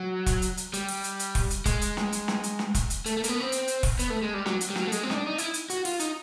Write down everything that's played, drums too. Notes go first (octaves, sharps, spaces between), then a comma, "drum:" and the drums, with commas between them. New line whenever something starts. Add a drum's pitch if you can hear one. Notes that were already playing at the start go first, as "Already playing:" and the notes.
Already playing: F#3
drum: kick E1, hi-hat
drum: hi-hat
drum: hi-hat
G3, drum: hi-hat
drum: open hi-hat
drum: hi-hat
drum: hi-hat
drum: kick E1, open hi-hat
drum: hi-hat
G#3, drum: kick E1, hi-hat
drum: hi-hat
drum: snare
drum: hi-hat
drum: snare
drum: hi-hat
drum: snare
drum: kick E1, hi-hat
drum: hi-hat
A3, drum: hi-hat
A3
A#3, drum: hi-hat
B3
C4
drum: hi-hat
drum: hi-hat
drum: kick E1, open hi-hat
B3, drum: hi-hat
A3
G#3
G3
F#3, drum: snare
drum: hi-hat
G3
F#3, drum: snare
A3
G#3, drum: hi-hat
C4
D#4, drum: snare
D4
D#4
E4, drum: hi-hat
drum: hi-hat
F#4, drum: hi-hat
F4, drum: open hi-hat
D#4, drum: hi-hat